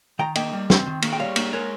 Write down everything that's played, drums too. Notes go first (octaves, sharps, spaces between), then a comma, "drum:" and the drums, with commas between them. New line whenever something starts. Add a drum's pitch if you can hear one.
D#3 G5 A#5
A#3 D#5 G5, drum: cymbal
G3
C4, drum: snare
D#3
A#3, drum: cymbal
G5
G3 C#5 F5
A#3, drum: cymbal
G#3 A#4 C#5